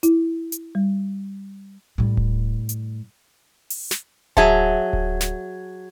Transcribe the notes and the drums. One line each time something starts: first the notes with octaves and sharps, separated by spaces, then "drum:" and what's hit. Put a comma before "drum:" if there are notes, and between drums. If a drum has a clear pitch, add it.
E4, drum: hi-hat
drum: hi-hat
G3
A2 G3
drum: kick D1
drum: hi-hat
drum: open hi-hat
drum: snare
F#3 G#4 E5 G#5 A5, drum: kick D1
drum: kick D1
drum: snare